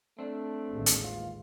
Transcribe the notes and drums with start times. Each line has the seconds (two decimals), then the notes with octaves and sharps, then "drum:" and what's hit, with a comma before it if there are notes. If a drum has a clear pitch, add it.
0.19 A3 C4 D4
0.72 A1 D#2 G#3
0.86 drum: hi-hat
1.04 F4